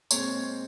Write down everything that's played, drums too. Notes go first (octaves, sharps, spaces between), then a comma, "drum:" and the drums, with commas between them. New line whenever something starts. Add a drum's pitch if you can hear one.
A#2 G#3 C4 C#5, drum: tambourine